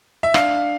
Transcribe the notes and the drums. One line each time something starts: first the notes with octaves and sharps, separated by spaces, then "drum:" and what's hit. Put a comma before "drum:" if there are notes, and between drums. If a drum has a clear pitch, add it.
E5
D4 F5, drum: rim click